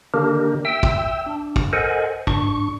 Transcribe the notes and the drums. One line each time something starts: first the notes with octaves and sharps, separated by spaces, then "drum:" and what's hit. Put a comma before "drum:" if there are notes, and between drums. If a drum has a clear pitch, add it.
D3 D#3 A#3 D4 G4 A#4
E5 G5 E6
drum: kick
D4
drum: kick
A4 A#4 C5 D#5 F#5 G#5
G#2 D4 C#6, drum: kick